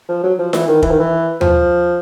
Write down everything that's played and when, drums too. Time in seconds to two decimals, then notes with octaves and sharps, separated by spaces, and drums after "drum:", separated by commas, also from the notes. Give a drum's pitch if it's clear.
0.09 F3
0.24 F#3
0.39 F3
0.53 E3, drum: snare F4
0.68 D#3
0.82 E3, drum: kick
0.91 D#3
1.00 E3
1.41 F3, drum: tom